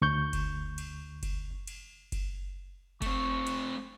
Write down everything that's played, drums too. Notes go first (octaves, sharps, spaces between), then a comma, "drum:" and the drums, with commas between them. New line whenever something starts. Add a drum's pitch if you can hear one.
D2 C#6 G6
drum: kick F#1, cymbal
drum: cymbal
drum: kick F#1, cymbal
drum: cymbal
drum: kick F#1, cymbal
A3 C4 C#6, drum: kick F#1, cymbal
drum: cymbal